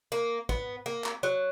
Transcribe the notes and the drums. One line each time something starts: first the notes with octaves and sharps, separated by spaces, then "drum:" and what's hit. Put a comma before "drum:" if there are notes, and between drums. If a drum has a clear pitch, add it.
A#3
B3, drum: kick
A#3
drum: clap
F#3